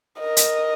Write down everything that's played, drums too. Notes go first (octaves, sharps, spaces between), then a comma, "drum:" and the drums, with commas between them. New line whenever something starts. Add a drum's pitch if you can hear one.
A#4 D#5
drum: hi-hat